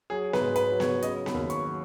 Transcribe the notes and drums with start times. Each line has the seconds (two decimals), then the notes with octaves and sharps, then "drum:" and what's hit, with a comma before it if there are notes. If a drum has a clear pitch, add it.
0.10 F#3 G#4
0.33 B4, drum: snare B3
0.41 G#2
0.56 B4, drum: hi-hat
0.72 F#3
0.80 C#5, drum: snare B3
1.02 C#3 D#5, drum: hi-hat
1.26 B5, drum: snare B3
1.34 D#2
1.50 C#6, drum: hi-hat
1.65 F#3